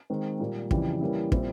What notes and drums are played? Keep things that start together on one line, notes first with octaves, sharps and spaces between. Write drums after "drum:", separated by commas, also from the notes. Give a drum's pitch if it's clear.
D#3 G#3 C4
A#2 G3 A#3
F2 C#3 E3 G3, drum: kick
E3 G3 A#3 C#4 E4
A#2 G3 C4 E4, drum: kick